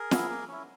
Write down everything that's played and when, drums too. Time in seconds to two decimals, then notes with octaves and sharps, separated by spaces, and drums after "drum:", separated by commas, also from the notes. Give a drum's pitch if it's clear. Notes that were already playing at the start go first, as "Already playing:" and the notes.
Already playing: G#4 A#4
0.11 B3 E4, drum: snare
0.30 A#3
0.48 C#4 E4